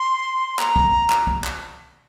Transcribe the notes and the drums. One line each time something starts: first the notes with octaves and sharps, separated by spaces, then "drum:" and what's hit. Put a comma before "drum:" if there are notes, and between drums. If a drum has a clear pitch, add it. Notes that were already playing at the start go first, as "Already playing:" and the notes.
Already playing: C6
A#5, drum: clap
drum: kick
drum: clap
drum: kick
drum: clap